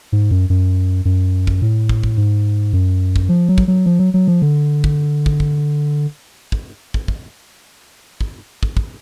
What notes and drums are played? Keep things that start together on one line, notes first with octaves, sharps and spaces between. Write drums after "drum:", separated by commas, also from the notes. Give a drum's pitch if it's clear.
G#2
F#2
F#2
F#2
drum: kick
A2
drum: kick
drum: kick
G#2
F#2
drum: kick
F3
F#3
drum: kick
F#3
F3
F#3
F#3
F3
D3
drum: kick
drum: kick
drum: kick
drum: kick
drum: kick
drum: kick
drum: kick
drum: kick
drum: kick